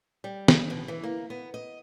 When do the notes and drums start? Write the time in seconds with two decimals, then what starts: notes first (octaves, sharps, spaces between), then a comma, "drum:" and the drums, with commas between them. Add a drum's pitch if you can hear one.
0.24 G3
0.48 drum: snare
0.70 B2
0.88 E3
1.03 A#3
1.30 B3
1.54 D#5